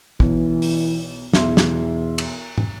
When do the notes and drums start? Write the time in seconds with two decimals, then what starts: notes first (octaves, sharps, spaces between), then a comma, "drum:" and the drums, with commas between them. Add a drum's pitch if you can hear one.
0.20 B1 E3, drum: kick
0.62 drum: open hi-hat
1.33 B1 E2 E5 C6, drum: snare
1.57 drum: snare
2.18 drum: cymbal
2.58 drum: tom